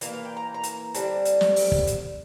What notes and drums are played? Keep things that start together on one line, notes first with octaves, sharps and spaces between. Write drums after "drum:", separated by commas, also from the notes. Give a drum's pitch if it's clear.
E3 A#3 F5, drum: hi-hat
F5
G5
A#5
A#5
drum: hi-hat
D3 G3 C4 A5, drum: hi-hat
drum: hi-hat
drum: snare
drum: open hi-hat
drum: kick
drum: hi-hat